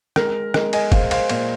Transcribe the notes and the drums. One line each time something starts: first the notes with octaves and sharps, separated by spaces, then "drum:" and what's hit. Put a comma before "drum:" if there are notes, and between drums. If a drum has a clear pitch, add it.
G#3 A#4, drum: rim click
G#3 A#4 D#5, drum: rim click
D#5 G#5, drum: cymbal
G#3 C5 F5, drum: kick, cymbal
C5 F5, drum: cymbal
A#2 C5 F5, drum: cymbal